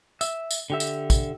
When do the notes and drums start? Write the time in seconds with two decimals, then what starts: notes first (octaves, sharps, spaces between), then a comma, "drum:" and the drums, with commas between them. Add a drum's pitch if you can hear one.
0.21 E5, drum: tambourine
0.51 drum: tambourine
0.70 D3 G4 E5
0.80 drum: tambourine
1.10 drum: kick, tambourine